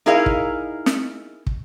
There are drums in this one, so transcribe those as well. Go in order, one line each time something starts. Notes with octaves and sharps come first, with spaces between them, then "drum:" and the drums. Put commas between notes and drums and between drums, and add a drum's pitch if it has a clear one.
D#4 E4 G#4 A#4 D#5 F5
drum: kick
drum: snare
drum: kick